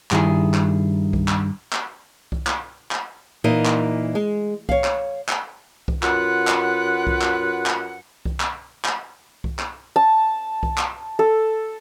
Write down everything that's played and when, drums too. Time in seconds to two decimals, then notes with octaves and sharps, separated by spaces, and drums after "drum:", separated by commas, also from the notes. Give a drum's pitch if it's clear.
0.11 G2 D#3 E4 G#4, drum: clap
0.54 drum: clap
1.13 drum: kick C2
1.28 drum: clap
1.73 drum: clap
2.32 drum: kick C2
2.47 drum: clap
2.91 drum: clap
3.44 A#2 E3 A#3 D#4 A#4 D#5
3.66 drum: clap
4.15 G#3
4.69 C#5 F5, drum: kick C2
4.84 drum: clap
5.29 drum: clap
5.88 drum: kick C2
6.03 F#2 F4 B4 F#5, drum: clap
6.47 drum: clap
7.07 drum: kick C2
7.22 drum: clap
7.66 drum: clap
8.25 drum: kick C2
8.40 drum: clap
8.85 drum: clap
9.44 drum: kick C2
9.59 drum: clap
9.96 A5
10.63 drum: kick C2
10.78 drum: clap
11.19 A4